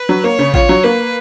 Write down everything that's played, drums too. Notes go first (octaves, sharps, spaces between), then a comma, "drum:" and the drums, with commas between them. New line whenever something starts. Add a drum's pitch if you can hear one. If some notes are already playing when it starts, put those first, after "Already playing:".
Already playing: B4
F#3
A#3 C#5
C#3
F4 C#5, drum: kick A1
F#3
A#3 B4